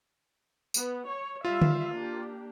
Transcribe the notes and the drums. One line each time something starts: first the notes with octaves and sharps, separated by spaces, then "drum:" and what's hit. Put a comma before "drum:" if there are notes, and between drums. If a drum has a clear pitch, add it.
B3, drum: tambourine
C#5
G3 F4 E5 F5
drum: tom
A#3 D4 G4